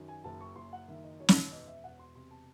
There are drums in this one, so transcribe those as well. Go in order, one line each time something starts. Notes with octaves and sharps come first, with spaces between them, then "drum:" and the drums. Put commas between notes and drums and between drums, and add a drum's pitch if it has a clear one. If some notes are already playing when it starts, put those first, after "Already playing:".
Already playing: F#2 D#3
G#5
F#1 A5
C#6
F#1 C6
F#5
D#3 E5
D#5
F#2 C#5
D#5, drum: snare
C#5
E1 D#5
E5
E1 F#5
C6
C3 C6
A5